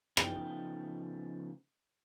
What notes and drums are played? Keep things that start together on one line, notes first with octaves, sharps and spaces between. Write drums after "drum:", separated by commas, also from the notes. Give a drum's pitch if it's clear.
C#3 F3 A3 B3 D#4 G5, drum: rim click